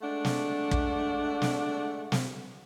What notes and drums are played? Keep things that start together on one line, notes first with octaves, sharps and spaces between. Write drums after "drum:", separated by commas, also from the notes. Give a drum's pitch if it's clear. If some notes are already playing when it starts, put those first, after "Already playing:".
G#3 A3 D4 F#5
drum: snare
drum: kick
drum: snare
drum: snare